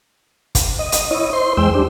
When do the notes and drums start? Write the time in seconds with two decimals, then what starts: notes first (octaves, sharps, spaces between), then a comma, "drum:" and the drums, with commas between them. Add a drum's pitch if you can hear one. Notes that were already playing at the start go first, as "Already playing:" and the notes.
0.55 drum: kick, hi-hat
0.79 D#5
0.92 drum: hi-hat
1.11 E4 C#5 D#5
1.33 C5 C6
1.57 E2 G#3 C5 G5 E6
1.75 D4 G4